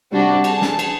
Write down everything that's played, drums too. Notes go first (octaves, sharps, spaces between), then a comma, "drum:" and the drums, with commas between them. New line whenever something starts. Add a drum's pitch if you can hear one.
C3 G3 D4 F#4
G#4 A5, drum: cymbal
drum: snare
drum: cymbal